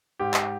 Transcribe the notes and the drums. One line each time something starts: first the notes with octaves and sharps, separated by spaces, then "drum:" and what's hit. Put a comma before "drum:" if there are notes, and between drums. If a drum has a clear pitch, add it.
G#2 G4
drum: clap